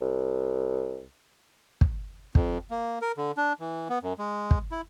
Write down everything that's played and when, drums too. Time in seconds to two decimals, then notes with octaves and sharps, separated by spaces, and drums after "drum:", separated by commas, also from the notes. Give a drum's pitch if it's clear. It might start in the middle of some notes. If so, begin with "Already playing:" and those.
0.02 C2
1.81 drum: kick
2.35 F2, drum: kick
2.71 A#3
3.02 A#4
3.17 D3
3.37 D4
3.60 E3
3.90 B3
4.03 F#2
4.19 G#3
4.51 drum: kick
4.72 E4